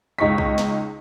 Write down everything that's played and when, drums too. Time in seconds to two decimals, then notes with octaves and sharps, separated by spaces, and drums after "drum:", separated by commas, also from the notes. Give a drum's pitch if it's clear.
0.19 C#2 D#4 C#6 B6
0.38 drum: kick
0.58 drum: snare